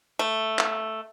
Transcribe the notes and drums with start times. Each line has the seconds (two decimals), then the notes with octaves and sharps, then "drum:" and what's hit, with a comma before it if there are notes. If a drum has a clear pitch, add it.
0.19 A3
0.59 drum: clap